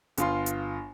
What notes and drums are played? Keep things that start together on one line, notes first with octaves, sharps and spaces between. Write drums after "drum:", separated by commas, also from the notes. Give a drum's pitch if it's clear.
G1 F4 C6, drum: hi-hat
drum: hi-hat